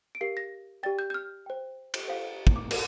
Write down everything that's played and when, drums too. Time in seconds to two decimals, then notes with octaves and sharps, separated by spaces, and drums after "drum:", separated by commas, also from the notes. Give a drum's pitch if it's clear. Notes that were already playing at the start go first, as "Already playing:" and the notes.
0.15 D7
0.21 G4 A#4 F5 C7
0.37 A#6
0.83 G4 D5 G5 A6
0.99 G6
1.10 G6
1.14 F6
1.46 C5 G5
1.94 drum: cymbal
2.08 C5 F5
2.47 drum: kick
2.56 D6
2.71 A#4, drum: cymbal